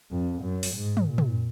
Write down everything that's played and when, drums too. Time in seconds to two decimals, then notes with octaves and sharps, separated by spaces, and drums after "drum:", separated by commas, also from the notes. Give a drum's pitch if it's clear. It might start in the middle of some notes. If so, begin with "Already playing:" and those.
0.11 F2
0.43 F#2
0.63 drum: open hi-hat
0.76 G#2
0.97 drum: tom
1.08 A#2
1.18 drum: tom